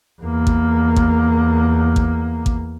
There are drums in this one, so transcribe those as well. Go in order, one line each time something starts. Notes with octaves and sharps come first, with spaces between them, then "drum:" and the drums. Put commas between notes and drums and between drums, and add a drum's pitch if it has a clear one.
E2 A#3
drum: kick A1
drum: kick A1
drum: kick A1
drum: kick A1